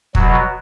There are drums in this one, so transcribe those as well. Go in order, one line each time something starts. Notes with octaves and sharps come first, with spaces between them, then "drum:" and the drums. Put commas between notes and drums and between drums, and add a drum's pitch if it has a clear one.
B2 F#3, drum: kick